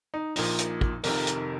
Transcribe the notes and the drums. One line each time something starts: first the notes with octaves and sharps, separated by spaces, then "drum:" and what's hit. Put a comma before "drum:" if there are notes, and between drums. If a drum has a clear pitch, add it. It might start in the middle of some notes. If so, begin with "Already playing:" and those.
D#4
A#1 A#2 F3 D#4, drum: open hi-hat
drum: hi-hat
drum: kick
F1 F2 C3 D#3 A#4, drum: open hi-hat
drum: hi-hat